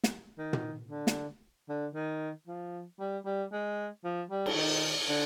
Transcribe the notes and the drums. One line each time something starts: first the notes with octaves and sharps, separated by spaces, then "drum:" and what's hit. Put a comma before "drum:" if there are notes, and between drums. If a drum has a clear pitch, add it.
drum: snare
D#3
drum: tom
D3
drum: snare
D3
D#3
F3
G3
G3
G#3
F3
G3
drum: cymbal
D#3
D3